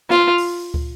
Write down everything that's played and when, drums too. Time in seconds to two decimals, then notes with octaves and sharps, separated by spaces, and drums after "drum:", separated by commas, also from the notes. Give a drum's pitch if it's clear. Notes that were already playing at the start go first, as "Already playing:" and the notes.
0.10 F4, drum: snare
0.38 drum: open hi-hat
0.74 drum: kick